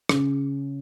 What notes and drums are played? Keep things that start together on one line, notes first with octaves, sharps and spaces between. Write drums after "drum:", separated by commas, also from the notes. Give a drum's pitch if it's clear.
C#3, drum: rim click